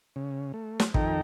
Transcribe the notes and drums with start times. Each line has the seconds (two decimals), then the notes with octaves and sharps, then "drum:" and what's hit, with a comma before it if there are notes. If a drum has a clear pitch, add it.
0.16 C#3
0.54 A3
0.80 drum: snare
0.94 F2 D#3 D#4 A4 G5 A#5, drum: kick